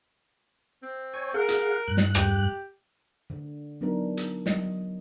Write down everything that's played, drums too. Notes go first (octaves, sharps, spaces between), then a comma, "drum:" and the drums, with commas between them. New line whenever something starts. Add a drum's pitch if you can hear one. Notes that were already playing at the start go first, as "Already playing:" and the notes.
C4
C#5 G#5
G#4 A#4 F5 F#5
drum: hi-hat
G2 F#6
drum: snare
G4, drum: rim click
D3
F#3 B3 D4 D#4 A#4
drum: hi-hat
F#3 D#5, drum: snare